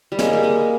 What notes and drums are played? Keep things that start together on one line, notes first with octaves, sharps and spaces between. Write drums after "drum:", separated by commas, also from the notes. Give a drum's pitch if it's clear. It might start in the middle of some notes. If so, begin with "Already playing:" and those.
G3
G#3 A#3, drum: snare
G3
G#3